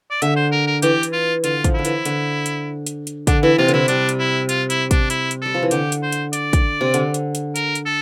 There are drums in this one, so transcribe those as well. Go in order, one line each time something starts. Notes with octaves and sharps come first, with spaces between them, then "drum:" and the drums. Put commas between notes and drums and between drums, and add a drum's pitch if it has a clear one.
D5
D3 E5, drum: hi-hat
C5
A#4
A#4
E3 G4, drum: hi-hat
drum: hi-hat
F4
D3 F4, drum: hi-hat
F3, drum: kick, hi-hat
D3 E4
E3, drum: hi-hat
D3, drum: hi-hat
drum: hi-hat
drum: hi-hat
drum: hi-hat
D3 D4, drum: kick, hi-hat
E3 E4
C3 F4
D3, drum: hi-hat
C3 E4
G3 D4, drum: hi-hat
drum: hi-hat
E4
F4, drum: hi-hat
E4, drum: hi-hat
D4, drum: kick, hi-hat
E4, drum: hi-hat
drum: hi-hat
G3 A4
F3
E3
D3 G4, drum: hi-hat
drum: hi-hat
C5
drum: hi-hat
D5, drum: hi-hat
drum: kick, hi-hat
C3
D3, drum: hi-hat
drum: hi-hat
drum: hi-hat
A#4, drum: hi-hat
drum: hi-hat
A4